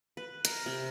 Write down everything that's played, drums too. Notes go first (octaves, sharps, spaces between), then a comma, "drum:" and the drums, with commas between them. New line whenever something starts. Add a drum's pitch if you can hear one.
B4
A#4, drum: hi-hat
C3